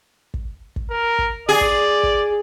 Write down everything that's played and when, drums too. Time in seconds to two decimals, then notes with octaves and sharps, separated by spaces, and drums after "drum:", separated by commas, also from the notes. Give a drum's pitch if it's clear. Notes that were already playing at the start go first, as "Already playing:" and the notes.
0.34 drum: kick
0.76 drum: kick
0.90 A#4
1.19 drum: kick
1.49 G#4 D5
1.61 drum: kick
2.03 drum: kick